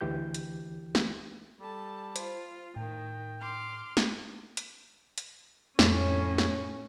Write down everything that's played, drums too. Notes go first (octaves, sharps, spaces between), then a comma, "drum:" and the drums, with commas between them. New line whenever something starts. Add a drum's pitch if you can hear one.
D2 E3 G4 G6
drum: hi-hat
drum: snare
G3 A4 A5
F4 C5, drum: hi-hat
A2 D#3 G5
C6 D6 F6
drum: snare
drum: hi-hat
drum: hi-hat
F2 A2 C#4, drum: snare
drum: snare